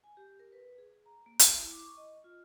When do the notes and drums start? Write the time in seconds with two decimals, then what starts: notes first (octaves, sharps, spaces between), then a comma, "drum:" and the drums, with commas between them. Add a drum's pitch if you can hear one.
0.04 G#5
0.17 G4
0.39 A#4
0.52 B4
0.78 G#4
1.06 A#5
1.26 A#3
1.39 drum: hi-hat
1.57 E4
1.71 D6
1.85 C#6
1.97 D#5
2.24 F4